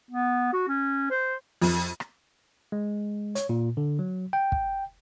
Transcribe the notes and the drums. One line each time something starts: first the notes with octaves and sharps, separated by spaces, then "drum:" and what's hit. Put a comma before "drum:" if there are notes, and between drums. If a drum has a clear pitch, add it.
B3
F#4
C#4
C5
F2, drum: open hi-hat
drum: rim click
G#3
C#5, drum: hi-hat
A#2
D3
F#3
G5
drum: kick